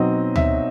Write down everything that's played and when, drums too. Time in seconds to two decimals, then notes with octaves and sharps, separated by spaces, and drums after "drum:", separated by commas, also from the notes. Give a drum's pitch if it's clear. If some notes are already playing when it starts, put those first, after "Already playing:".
Already playing: B2 F#3 C4 D#4 D#5
0.36 E5, drum: tom D2